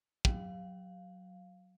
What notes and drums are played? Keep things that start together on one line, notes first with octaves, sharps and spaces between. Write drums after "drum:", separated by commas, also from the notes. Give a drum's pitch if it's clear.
F#3 F5, drum: kick